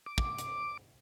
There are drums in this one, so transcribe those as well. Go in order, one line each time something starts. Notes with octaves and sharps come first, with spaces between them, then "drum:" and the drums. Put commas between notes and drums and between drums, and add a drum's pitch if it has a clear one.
D6
drum: kick
drum: hi-hat